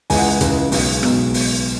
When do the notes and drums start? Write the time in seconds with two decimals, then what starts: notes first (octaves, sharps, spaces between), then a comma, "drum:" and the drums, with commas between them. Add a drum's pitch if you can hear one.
0.10 C#2 C#3 E3 G#3 G#5, drum: open hi-hat
0.18 F#5
0.28 G#5
0.41 C#2 C#3 E3 G#3, drum: hi-hat
0.72 B1 B2 G#3, drum: open hi-hat
1.03 B1 B2 G#3, drum: rim click
1.34 drum: open hi-hat